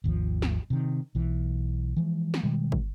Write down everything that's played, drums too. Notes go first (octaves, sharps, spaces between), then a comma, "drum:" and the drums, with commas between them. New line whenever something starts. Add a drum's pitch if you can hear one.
G#1 D#2 B2 F3
drum: snare
C3 D#3
B1 E3
E3 F3 G#3
drum: snare
B2 D#3 G3 G#3
drum: kick